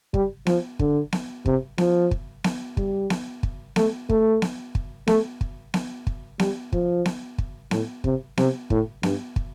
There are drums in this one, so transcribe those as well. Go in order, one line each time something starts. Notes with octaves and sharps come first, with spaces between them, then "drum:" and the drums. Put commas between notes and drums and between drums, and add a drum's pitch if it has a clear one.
G3, drum: kick
F3, drum: snare B3
D3, drum: kick
drum: snare B3
C3, drum: kick
F3, drum: snare B3
drum: kick
drum: snare B3
G3, drum: kick
drum: snare B3
drum: kick
A3, drum: snare B3
A3, drum: kick
drum: snare B3
drum: kick
A3, drum: snare B3
drum: kick
drum: snare B3
drum: kick
G3, drum: snare B3
F3, drum: kick
drum: snare B3
drum: kick
A2, drum: snare B3
C3, drum: kick
C3, drum: snare B3
A2, drum: kick
G2, drum: snare B3
drum: kick